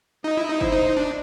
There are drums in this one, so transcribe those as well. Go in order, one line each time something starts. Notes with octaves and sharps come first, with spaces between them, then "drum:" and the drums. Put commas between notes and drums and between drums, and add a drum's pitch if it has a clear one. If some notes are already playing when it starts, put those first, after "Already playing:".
D#4 D#5
E4
D#4
E4 C5, drum: kick
D#4
D4